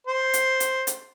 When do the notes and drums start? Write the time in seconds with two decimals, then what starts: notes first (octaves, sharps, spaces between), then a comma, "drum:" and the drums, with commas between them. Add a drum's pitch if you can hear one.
0.07 C5
0.34 drum: hi-hat
0.60 drum: hi-hat
0.87 drum: hi-hat